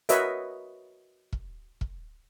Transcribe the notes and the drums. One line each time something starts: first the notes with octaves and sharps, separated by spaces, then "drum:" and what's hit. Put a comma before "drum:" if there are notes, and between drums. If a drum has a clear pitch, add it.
F#4 A#4 B4 C#5 D#5 E5, drum: hi-hat
drum: kick
drum: kick